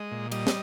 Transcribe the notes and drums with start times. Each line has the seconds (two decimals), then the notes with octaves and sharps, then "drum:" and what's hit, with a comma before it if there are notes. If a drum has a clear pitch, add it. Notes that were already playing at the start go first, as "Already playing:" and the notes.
Already playing: G#3 D#5
0.12 A#2
0.32 G3 D#5, drum: cymbal
0.47 drum: snare